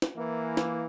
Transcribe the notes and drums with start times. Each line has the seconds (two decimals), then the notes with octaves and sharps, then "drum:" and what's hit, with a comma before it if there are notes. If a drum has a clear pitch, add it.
0.02 drum: snare
0.16 E3 A#3
0.57 drum: snare